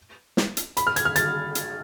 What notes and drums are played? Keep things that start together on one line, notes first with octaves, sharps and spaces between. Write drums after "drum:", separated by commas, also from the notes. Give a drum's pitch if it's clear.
drum: snare
drum: hi-hat
B5, drum: hi-hat
F6
G#6, drum: hi-hat
F6
A6, drum: hi-hat
drum: hi-hat